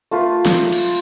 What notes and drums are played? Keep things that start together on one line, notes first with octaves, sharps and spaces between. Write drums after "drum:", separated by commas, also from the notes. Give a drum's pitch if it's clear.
A3 F4 B4
drum: snare
drum: cymbal